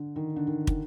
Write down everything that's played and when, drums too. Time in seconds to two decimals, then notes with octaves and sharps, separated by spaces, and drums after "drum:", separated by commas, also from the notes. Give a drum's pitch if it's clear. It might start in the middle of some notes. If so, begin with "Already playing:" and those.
Already playing: D3
0.16 D#3
0.36 D3
0.47 D#3
0.67 D#3, drum: kick